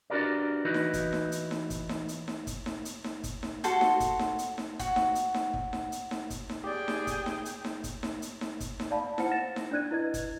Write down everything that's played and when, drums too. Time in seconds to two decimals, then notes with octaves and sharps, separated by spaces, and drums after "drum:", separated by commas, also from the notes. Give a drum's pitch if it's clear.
0.10 D4 F#4 G4 A#4 B4 D5
0.65 E3 D#4 E4 F#4 B4 D#5
0.74 drum: snare D#4
0.93 drum: kick, hi-hat
1.13 drum: snare D#4
1.32 drum: hi-hat
1.51 drum: snare D#4
1.70 drum: kick, hi-hat
1.89 drum: snare D#4
2.08 drum: hi-hat
2.28 drum: snare D#4
2.47 drum: kick, hi-hat
2.66 drum: snare D#4
2.85 drum: hi-hat
3.04 drum: snare D#4
3.24 drum: kick, hi-hat
3.43 drum: snare D#4
3.64 F#4 A4 C6, drum: hi-hat
3.81 drum: snare D#4
4.00 drum: kick, hi-hat
4.19 drum: snare D#4
4.39 drum: hi-hat
4.58 drum: snare D#4
4.79 F#4, drum: kick, hi-hat
4.96 drum: snare D#4
5.15 drum: hi-hat
5.34 drum: snare D#4
5.54 drum: kick
5.73 drum: snare D#4
5.92 drum: hi-hat
6.11 drum: snare D#4
6.30 drum: kick, hi-hat
6.49 drum: snare D#4
6.64 G4 G#4 D5 G5
6.88 drum: snare D#4
7.07 drum: kick, hi-hat
7.26 drum: snare D#4
7.45 drum: hi-hat
7.65 drum: snare D#4
7.84 drum: kick, hi-hat
8.03 drum: snare D#4
8.22 drum: hi-hat
8.41 drum: snare D#4
8.60 drum: kick, hi-hat
8.80 drum: snare D#4
8.91 D5 F5 A5 B5
9.18 E4 C5 F#5 C#7, drum: snare D#4
9.31 A6 A#6 E7
9.56 drum: snare D#4
9.71 D4 D5 F#6 G#6 D#7
9.91 E4 B4 D#5 G#6
10.14 drum: kick, hi-hat